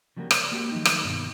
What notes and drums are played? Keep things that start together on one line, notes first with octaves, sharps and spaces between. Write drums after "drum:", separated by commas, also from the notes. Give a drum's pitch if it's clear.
C#3 F3 G3 A#3 F#4 A#4
A#4 C5 D5, drum: rim click
A#3 F#4 G4
D#3 F3 F#3 A3 D#4
drum: rim click
G2 B2 D#3